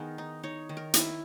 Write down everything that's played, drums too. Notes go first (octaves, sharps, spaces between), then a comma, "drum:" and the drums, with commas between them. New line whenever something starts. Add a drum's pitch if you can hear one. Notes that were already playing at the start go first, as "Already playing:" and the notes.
Already playing: D#3 B3 G#4 A#4
D#4
D#4 C#5
D#3
A#4
E4, drum: hi-hat